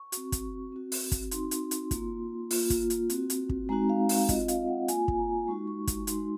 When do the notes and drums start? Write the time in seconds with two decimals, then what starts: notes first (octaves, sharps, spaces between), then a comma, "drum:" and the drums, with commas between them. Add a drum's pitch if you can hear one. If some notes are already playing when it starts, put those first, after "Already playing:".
Already playing: C#6
0.12 C4 F#4, drum: hi-hat
0.32 drum: kick, hi-hat
0.72 C4 F#4
0.92 drum: open hi-hat
1.12 drum: kick, hi-hat
1.31 C4 D#4 F#4 C6, drum: hi-hat
1.51 drum: hi-hat
1.71 drum: hi-hat
1.91 A#3 F4, drum: kick, hi-hat
2.51 A#3 F4, drum: open hi-hat
2.70 drum: kick, hi-hat
2.90 drum: hi-hat
3.10 C4 F#4, drum: hi-hat
3.30 drum: hi-hat
3.49 drum: kick
3.69 G#3 C4 D#4 F#4 A#5
3.90 F5
4.09 F5, drum: open hi-hat
4.29 C4 F4 D#5, drum: kick, hi-hat
4.48 F5, drum: hi-hat
4.68 F#5
4.88 A#3 F4 G#5, drum: hi-hat
5.08 drum: kick
5.18 A#5
5.48 G#3 D#4 F#4 C#6
5.67 C#6
5.87 C#6, drum: kick, hi-hat
6.07 G#3 D#4 F#4 C6, drum: hi-hat